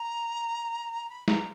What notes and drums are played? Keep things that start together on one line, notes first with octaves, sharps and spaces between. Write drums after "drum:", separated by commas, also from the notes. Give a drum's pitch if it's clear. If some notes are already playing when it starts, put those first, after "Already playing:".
Already playing: A#5
B5
A#5, drum: snare